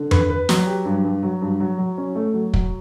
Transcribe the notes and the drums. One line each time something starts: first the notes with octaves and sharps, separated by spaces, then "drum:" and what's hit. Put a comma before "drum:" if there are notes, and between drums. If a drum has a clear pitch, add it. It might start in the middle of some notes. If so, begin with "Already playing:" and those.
Already playing: D3
B4, drum: tom F2
B4
F#3, drum: snare
G4
G2
G2
F#3
G2
F#3
F#3
C#4
A3
F#3
F#3, drum: kick